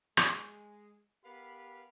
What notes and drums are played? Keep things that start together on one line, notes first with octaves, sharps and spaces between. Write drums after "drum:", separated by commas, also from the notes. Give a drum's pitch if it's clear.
G#3, drum: rim click
B3 G4 A#4 B4 F5 B5